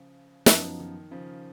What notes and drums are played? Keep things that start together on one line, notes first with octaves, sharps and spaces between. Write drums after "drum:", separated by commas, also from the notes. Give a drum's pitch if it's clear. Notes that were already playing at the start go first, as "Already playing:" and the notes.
Already playing: C#3 F3
F#2 F3 B3 D#4, drum: snare
D#3
C#3 F3